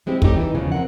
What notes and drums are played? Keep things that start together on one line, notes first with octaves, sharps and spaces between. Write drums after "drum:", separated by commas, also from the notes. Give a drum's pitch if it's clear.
F#3 G#3 C4 E4 G4
A3 C4 C#4 D#4 E4 G4, drum: kick
E3 D#4
E2 C#3 F3 G#3
C4 A#4 F#5